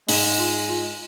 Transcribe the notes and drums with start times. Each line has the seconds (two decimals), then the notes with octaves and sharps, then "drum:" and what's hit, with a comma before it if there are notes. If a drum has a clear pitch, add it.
0.09 G#2 G#3, drum: open hi-hat
0.38 F4
0.68 F4